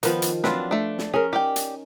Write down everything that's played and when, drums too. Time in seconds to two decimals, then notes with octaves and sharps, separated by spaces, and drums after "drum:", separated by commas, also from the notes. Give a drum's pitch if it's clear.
0.03 D#3 F3 B3 B4, drum: hi-hat
0.22 drum: hi-hat
0.44 F#3 C4 D4 F4 B4, drum: snare
0.71 A3 D4
0.98 drum: snare
1.14 C#4 G#4 A#4
1.33 D#4 G4 D5 G5
1.56 drum: hi-hat